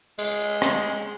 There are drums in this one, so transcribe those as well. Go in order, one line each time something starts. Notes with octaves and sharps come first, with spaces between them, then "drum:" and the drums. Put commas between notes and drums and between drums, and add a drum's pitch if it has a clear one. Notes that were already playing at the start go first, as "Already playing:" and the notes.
G#3, drum: tambourine
drum: rim click